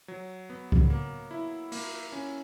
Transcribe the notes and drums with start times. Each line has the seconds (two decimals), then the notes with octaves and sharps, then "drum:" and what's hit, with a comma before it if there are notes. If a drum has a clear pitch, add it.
0.08 F#3
0.50 B3
0.72 drum: kick C2
0.90 A#3
1.31 E4
1.72 A#3, drum: open hi-hat
2.12 C#4